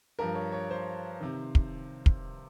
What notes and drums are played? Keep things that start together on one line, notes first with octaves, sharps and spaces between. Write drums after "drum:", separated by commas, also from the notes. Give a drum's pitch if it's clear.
G2 F3 A#4
C#5
C#5
C5
C3 D#3
drum: kick
drum: kick